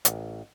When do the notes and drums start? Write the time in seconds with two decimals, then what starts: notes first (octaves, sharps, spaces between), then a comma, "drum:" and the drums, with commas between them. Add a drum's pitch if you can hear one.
0.05 A1, drum: hi-hat